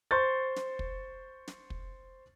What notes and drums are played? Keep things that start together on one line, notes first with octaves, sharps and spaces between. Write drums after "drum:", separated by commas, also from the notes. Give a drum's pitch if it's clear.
C5 C6 C#6 G6 A6
drum: snare
drum: kick
drum: snare
drum: kick